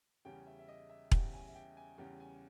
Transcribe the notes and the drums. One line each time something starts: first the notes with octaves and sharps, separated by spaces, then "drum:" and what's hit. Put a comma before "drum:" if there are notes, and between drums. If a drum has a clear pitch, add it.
E2 C#3 G3 C#4 G5
E5
E5
D#5
E5
E2 C#3 G3 C#4 G5, drum: kick E1
G#5
E5
G5
G#5
E2 C#3 G3 C#4 G5
G#5